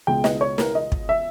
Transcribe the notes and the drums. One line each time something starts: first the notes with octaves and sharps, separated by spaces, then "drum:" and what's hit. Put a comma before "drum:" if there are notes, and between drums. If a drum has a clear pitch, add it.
C#2 B2 G#3 G5
D#5, drum: snare
C#5
A#4, drum: snare
D#5
drum: kick
E5